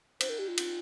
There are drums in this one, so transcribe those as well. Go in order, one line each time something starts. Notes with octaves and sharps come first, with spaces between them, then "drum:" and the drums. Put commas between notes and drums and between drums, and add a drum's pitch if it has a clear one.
C5, drum: cymbal
A#4
G4
F4
drum: cymbal